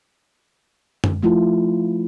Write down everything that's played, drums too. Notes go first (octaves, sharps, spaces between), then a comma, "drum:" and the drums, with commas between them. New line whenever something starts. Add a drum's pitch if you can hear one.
drum: tom F#2
F3 A3 E4 F4